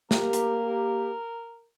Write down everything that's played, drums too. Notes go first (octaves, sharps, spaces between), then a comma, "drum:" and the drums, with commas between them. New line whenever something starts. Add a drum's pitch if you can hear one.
A#3 G4 A#4, drum: snare
drum: hi-hat